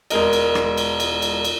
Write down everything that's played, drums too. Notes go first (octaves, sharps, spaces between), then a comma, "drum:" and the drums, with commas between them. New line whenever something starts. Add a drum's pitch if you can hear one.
E1 G#3 A#4 D#5, drum: cymbal
drum: cymbal
drum: rim click
drum: cymbal
drum: cymbal
drum: cymbal
drum: cymbal